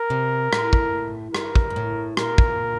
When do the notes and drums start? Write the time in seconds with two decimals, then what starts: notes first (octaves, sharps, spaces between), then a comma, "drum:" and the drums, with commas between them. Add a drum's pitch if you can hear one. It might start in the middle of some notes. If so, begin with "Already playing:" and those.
Already playing: A#4
0.10 C3
0.53 A2, drum: rim click
0.73 drum: kick
1.34 G2 A#4, drum: rim click
1.55 drum: kick
1.70 G2
1.76 A2
2.17 A#2 A#4, drum: rim click
2.38 drum: kick